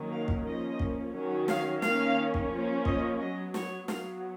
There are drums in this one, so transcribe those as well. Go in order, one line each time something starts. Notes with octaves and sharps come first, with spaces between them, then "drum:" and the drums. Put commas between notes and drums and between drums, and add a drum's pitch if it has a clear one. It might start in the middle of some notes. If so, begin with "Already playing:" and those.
Already playing: D#3 F#3 A#3 C#4
F5
drum: kick
F3 A#3 C#4 D#5
drum: kick
D#3 F#3 C#4
F5, drum: snare
D#3 A#3 C#4 F5, drum: snare
drum: kick
F3 A#3 C#4
D#5, drum: kick
F#3 B3 D#5
C#5, drum: snare
F#3 B3 F5, drum: snare